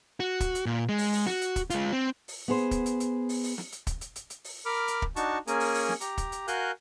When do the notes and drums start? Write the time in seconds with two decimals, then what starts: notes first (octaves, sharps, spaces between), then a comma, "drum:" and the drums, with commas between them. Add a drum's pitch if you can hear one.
0.20 F#4
0.40 drum: kick, hi-hat
0.55 drum: hi-hat
0.66 A#2
0.89 G#3
0.98 drum: open hi-hat
1.13 drum: open hi-hat
1.27 F#4, drum: snare
1.41 drum: hi-hat
1.56 drum: kick, hi-hat
1.70 G#3 F4, drum: hi-hat
1.93 C4
2.28 drum: open hi-hat
2.48 B3 G#4 C5
2.71 drum: kick, hi-hat
2.86 drum: hi-hat
3.00 drum: hi-hat
3.29 drum: open hi-hat
3.43 drum: open hi-hat
3.58 drum: snare
3.72 drum: hi-hat
3.87 drum: kick, hi-hat
4.01 drum: hi-hat
4.16 drum: hi-hat
4.30 drum: hi-hat
4.44 drum: open hi-hat
4.66 A#4 B5 D6 F6
4.88 drum: hi-hat
5.02 drum: kick
5.16 D4 D#4 F#4 A5 C#6, drum: hi-hat
5.47 A#3 C#4 G#4 A#4 G#5, drum: hi-hat
5.60 drum: open hi-hat
5.74 drum: open hi-hat
5.89 drum: snare
6.01 G4 A#5, drum: hi-hat
6.18 drum: kick, hi-hat
6.32 drum: hi-hat
6.48 F#4 A#4 F5 G#5 F#6 G6, drum: hi-hat